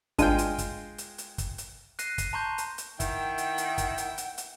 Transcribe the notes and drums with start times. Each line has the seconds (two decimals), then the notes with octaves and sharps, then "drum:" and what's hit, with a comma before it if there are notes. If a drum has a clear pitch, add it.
0.18 G#1 G#3 D4 F4 G5 D#7, drum: hi-hat
0.38 drum: hi-hat
0.58 drum: kick, hi-hat
0.98 drum: hi-hat
1.18 drum: hi-hat
1.38 drum: kick, hi-hat
1.58 drum: hi-hat
1.99 F#6 A#6 C7 D#7, drum: hi-hat
2.18 drum: kick, hi-hat
2.33 A5 A#5 C6 C#6 G6
2.58 drum: hi-hat
2.78 drum: hi-hat
3.00 D#3 E4 F#5 G5, drum: kick, hi-hat
3.38 drum: hi-hat
3.58 drum: hi-hat
3.78 drum: kick, hi-hat
3.98 drum: hi-hat
4.18 drum: hi-hat
4.38 drum: hi-hat